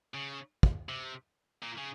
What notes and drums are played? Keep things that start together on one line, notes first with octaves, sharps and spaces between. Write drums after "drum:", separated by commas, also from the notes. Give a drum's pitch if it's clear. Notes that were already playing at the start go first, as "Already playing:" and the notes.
C#3
drum: kick
C3
A#2
C#3